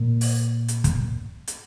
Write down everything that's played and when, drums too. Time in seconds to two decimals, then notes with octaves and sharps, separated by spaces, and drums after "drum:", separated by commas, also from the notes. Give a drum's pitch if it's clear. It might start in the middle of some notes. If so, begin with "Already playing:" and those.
Already playing: A#2
0.21 drum: open hi-hat
0.68 drum: hi-hat
0.84 drum: kick, hi-hat
1.47 drum: hi-hat